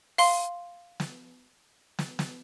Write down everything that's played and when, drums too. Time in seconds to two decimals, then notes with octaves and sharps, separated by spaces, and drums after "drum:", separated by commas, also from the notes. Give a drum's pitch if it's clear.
0.18 F5 C6, drum: open hi-hat
1.00 drum: snare
1.99 drum: snare
2.19 drum: snare